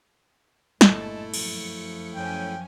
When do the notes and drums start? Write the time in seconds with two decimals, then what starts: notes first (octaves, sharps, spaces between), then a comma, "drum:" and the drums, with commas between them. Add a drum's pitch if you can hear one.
0.81 G1 A#2 G#3 A3 E4 A4 A5, drum: snare
1.34 F#2 F3 C#7, drum: cymbal
2.15 F#2 F3 C#4 G5 G#5